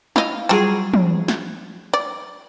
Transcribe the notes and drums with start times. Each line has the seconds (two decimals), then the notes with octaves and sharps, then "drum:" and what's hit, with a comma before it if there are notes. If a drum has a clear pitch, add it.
0.16 E4 D#5 F5, drum: snare
0.49 F#3 G3 F4 G4 G#4 A5
0.94 drum: tom
1.28 drum: snare
1.94 D5